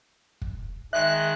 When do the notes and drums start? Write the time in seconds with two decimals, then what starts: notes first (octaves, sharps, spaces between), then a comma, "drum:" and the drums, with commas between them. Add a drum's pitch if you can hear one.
0.41 drum: kick
0.93 D#3 G#3 E5 F#6